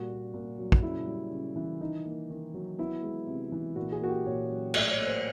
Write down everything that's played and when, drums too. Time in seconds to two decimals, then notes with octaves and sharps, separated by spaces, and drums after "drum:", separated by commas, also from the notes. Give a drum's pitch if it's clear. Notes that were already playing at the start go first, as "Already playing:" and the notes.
Already playing: A#2 G3 F#4
0.10 A#3
0.34 A#2
0.58 F#3
0.72 drum: kick
0.82 C#3 E4
1.07 G3
1.31 C#3
1.56 E3
1.80 D#3 D#4
2.06 A#3
2.30 D#3
2.54 F#3
2.78 B3 E4
3.03 G#3
3.27 C3
3.52 E3
3.76 A#2 F#4
3.92 G#4
4.01 A#3 F#4
4.09 G4
4.26 A#2 C#5
4.50 F#3
4.74 A2 D5, drum: cymbal
4.90 C#5
4.99 A#3
5.06 C5